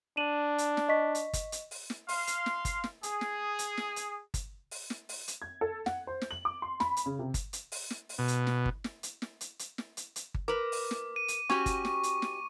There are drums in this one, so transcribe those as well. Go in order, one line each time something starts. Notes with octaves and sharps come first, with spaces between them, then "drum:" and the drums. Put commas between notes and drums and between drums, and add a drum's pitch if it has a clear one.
D4 D#7 E7 F#7
drum: hi-hat
drum: snare
D#5 C#6 B6
drum: hi-hat
drum: kick G1, hi-hat
drum: hi-hat
drum: open hi-hat
drum: snare
F5 C6, drum: open hi-hat
drum: hi-hat
drum: snare
drum: kick G1, hi-hat
drum: snare
G#4, drum: hi-hat
drum: snare
drum: hi-hat
drum: snare
drum: hi-hat
drum: kick G1, hi-hat
drum: open hi-hat
drum: snare
drum: open hi-hat
drum: hi-hat
G#6
A4
F#5, drum: snare
C5
drum: snare
F#7
D6
C6
B5, drum: snare
drum: hi-hat
C#3
C3
drum: kick G1, hi-hat
drum: hi-hat
drum: open hi-hat
drum: snare
drum: open hi-hat
B2
drum: hi-hat
drum: snare
drum: kick G1
drum: snare
drum: hi-hat
drum: snare
drum: hi-hat
drum: hi-hat
drum: snare
drum: hi-hat
drum: hi-hat
drum: kick G1
A#4 B4 D6
drum: open hi-hat
drum: snare
D#7
drum: hi-hat
C#4 F#4 G4 C#6, drum: snare
drum: kick G1, hi-hat
drum: snare
drum: hi-hat
drum: snare